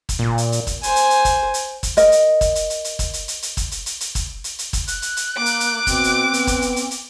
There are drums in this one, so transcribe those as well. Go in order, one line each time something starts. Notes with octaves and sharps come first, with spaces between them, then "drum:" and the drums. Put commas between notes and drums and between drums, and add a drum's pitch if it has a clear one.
drum: kick, hi-hat
A#2
drum: hi-hat
drum: hi-hat
drum: kick, hi-hat
C5 G#5, drum: hi-hat
drum: hi-hat
drum: hi-hat
drum: kick, hi-hat
drum: hi-hat
drum: kick, hi-hat
A#4 D#5, drum: hi-hat
drum: hi-hat
drum: kick, hi-hat
drum: hi-hat
drum: hi-hat
drum: hi-hat
drum: kick, hi-hat
drum: hi-hat
drum: hi-hat
drum: hi-hat
drum: kick, hi-hat
drum: hi-hat
drum: hi-hat
drum: hi-hat
drum: kick, hi-hat
drum: hi-hat
drum: hi-hat
drum: kick, hi-hat
F#6, drum: hi-hat
drum: hi-hat
drum: hi-hat
A#3 D6
drum: hi-hat
drum: hi-hat
B2 C4, drum: kick, hi-hat
drum: hi-hat
B3, drum: hi-hat
drum: kick, hi-hat
drum: hi-hat
drum: hi-hat
drum: hi-hat